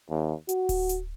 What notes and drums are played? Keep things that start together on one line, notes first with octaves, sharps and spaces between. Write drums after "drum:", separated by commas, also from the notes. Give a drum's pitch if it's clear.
D#2
F#4, drum: hi-hat
drum: kick D1, open hi-hat
drum: hi-hat